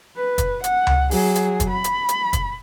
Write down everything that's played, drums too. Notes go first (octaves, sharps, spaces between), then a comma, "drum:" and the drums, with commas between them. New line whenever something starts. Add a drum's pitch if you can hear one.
B4
drum: kick, hi-hat
F#5, drum: hi-hat
drum: tom C#2
F#3 G#4, drum: open hi-hat
drum: hi-hat
drum: kick, hi-hat
B5
drum: hi-hat
drum: hi-hat
drum: kick, hi-hat